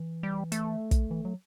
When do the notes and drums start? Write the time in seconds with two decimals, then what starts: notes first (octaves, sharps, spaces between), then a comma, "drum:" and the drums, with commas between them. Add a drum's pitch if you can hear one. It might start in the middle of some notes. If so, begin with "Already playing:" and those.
Already playing: E3
0.23 G3
0.52 A3, drum: hi-hat
0.91 drum: kick, hi-hat
1.11 E3
1.25 F#3